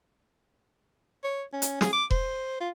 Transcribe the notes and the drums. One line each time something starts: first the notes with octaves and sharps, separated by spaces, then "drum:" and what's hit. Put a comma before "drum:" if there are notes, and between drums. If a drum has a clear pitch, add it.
C#5
C#4
drum: hi-hat
G#4, drum: snare
D6
C5, drum: kick E1
F4